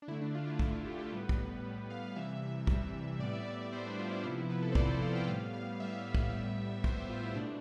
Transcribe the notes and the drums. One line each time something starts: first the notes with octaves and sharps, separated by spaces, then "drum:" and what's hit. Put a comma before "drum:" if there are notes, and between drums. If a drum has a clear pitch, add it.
D4
D3 A3 E4
D4
F4
E4
D3 A3 D4, drum: kick
E4
G4
A4
A2 G3 B3 B4
drum: kick
A2 G3 B3
F5
C3 E3 G3 E5
C3 E3 G3, drum: kick
A2 G3 B3 D5
E5
D5
A2 G3 B3 C5
D4
F4
E4
C3 F3 B3 E4
E4
B4
A4
C5
C3 F3 B3 D5, drum: kick
D5
F5
G5
A2 G3 B3 F5
F5
A2 G3 B3 E5
drum: kick
A2 G3 B3
A2 G3 B3 C5, drum: kick
G4
F4
E4
B2 A3 D4